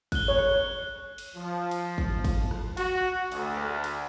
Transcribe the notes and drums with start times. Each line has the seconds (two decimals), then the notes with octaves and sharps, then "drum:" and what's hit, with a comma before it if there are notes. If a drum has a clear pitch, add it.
0.12 F#6 G7, drum: kick, cymbal
0.28 C#5
0.39 drum: rim click
1.18 drum: cymbal
1.36 F3
1.71 drum: cymbal
1.98 drum: kick
2.24 drum: kick, cymbal
2.51 drum: rim click
2.77 F#4, drum: cymbal
3.32 D2, drum: cymbal
3.57 drum: rim click
3.84 drum: cymbal